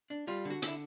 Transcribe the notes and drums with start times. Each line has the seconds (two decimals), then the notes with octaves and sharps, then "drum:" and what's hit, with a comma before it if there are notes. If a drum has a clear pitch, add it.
0.10 D4
0.27 G3 F4
0.45 D3
0.50 F#4
0.62 D3, drum: hi-hat
0.67 E4